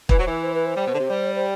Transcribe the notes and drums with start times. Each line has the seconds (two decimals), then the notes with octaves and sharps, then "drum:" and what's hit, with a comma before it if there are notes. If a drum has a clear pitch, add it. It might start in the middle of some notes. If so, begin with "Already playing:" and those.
0.09 E3 B4, drum: kick
0.19 F#3 C5
0.27 E3 B4
0.43 C5
0.54 B4
0.66 C5
0.76 G3
0.87 B2
0.94 D3
0.99 C3
1.09 G3
1.35 C5